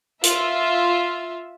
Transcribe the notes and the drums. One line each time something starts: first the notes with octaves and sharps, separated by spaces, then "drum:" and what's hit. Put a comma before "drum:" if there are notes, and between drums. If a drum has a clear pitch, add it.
F4 E5, drum: hi-hat